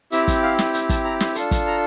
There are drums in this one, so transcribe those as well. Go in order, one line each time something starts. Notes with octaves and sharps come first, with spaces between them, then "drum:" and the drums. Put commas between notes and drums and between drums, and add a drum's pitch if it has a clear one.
C4 E4 G4 E5, drum: hi-hat
drum: kick, hi-hat
F5
drum: snare
G5, drum: hi-hat
A5, drum: kick, hi-hat
A#5
drum: snare
D4 F4 A4 C6, drum: hi-hat
drum: kick, hi-hat
A#5